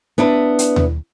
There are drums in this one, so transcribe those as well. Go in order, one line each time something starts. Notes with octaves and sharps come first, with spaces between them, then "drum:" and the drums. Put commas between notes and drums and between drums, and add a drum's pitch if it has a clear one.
B3 D4 E4 B4
drum: hi-hat
drum: tom D#2